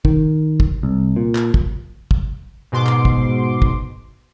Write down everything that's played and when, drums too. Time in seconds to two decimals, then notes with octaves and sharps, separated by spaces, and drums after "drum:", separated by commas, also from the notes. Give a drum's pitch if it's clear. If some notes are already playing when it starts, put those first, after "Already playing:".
0.05 D#3, drum: kick
0.60 drum: kick
0.83 C2
1.16 A#2
1.35 drum: clap
1.54 drum: kick
2.11 drum: kick
2.72 G#2 B2 C6 D6
2.86 drum: clap
3.05 drum: kick
3.62 drum: kick